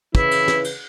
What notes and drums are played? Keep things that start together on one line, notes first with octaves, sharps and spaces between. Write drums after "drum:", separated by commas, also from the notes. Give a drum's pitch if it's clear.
C#3 E3 E4 B4, drum: kick
drum: cymbal
drum: snare
drum: cymbal